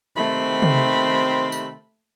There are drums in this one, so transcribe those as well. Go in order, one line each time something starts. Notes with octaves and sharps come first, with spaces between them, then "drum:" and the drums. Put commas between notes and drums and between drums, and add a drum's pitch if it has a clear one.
C3 D#3 A3 C4 B5
drum: tom
drum: tambourine